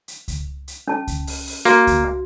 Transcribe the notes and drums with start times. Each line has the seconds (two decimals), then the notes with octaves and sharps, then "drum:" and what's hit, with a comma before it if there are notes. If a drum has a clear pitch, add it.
0.08 drum: hi-hat
0.28 drum: kick C#2, hi-hat
0.68 drum: hi-hat
0.88 C#4 A5
1.07 drum: kick C#2, hi-hat
1.27 drum: open hi-hat
1.47 drum: open hi-hat
1.65 A#3 F#4, drum: hi-hat
1.87 drum: kick C#2, hi-hat